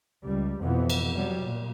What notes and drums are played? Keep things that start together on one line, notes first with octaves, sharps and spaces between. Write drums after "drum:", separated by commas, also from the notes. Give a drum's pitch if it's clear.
C#2 G3
F2 B2 E3 F3 B3
drum: cymbal
C3 F#3 G3
A#2